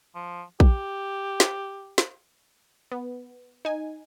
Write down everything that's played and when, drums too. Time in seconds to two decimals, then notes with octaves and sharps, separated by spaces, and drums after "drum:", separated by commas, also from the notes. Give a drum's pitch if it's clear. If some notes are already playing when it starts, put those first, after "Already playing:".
0.15 F3
0.60 G4, drum: kick A#1
1.40 drum: snare
1.98 drum: snare
2.92 B3
3.65 D#4 G#5